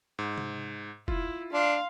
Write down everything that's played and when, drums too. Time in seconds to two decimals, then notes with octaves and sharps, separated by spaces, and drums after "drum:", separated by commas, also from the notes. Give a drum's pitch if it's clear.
0.19 G#2
0.38 drum: tom C3
1.08 E4 F4, drum: kick
1.53 D4 F5 C6